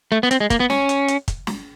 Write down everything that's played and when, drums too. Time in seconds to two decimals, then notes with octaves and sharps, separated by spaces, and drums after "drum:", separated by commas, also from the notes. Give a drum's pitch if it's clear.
0.12 A3
0.23 B3
0.31 C4, drum: hi-hat
0.40 G#3
0.50 A#3, drum: kick, hi-hat
0.60 B3
0.70 C#4, drum: snare
0.89 drum: hi-hat
1.08 drum: hi-hat
1.28 drum: kick, hi-hat
1.47 drum: snare